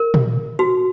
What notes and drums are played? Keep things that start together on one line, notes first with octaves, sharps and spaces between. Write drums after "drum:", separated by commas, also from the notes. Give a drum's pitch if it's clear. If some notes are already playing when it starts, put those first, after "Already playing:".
Already playing: A#4
drum: tom A#2
F#4